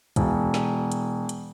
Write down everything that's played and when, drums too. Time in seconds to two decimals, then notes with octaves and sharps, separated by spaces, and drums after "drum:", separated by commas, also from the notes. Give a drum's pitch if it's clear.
0.16 E1, drum: kick, hi-hat
0.54 drum: snare
0.92 drum: hi-hat
1.29 drum: hi-hat